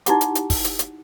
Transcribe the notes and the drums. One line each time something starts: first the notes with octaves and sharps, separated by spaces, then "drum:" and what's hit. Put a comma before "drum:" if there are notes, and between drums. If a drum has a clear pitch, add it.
D#4 E4 F#4 G4 F#5 D6, drum: hi-hat
drum: hi-hat
drum: hi-hat
drum: kick, open hi-hat
drum: hi-hat
drum: hi-hat